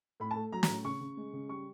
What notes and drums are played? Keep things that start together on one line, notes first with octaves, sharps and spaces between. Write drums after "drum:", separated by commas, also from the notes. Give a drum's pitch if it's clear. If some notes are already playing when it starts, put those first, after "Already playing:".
A2 B5
A5
A3
F#3 A#5
A#5, drum: snare
A2
C#3 C#6
C#3
G#3
C#3
G3 C#6